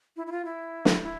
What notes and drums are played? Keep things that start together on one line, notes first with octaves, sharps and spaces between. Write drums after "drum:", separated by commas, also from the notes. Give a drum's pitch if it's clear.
E4
E4
F4
E4
drum: snare
E4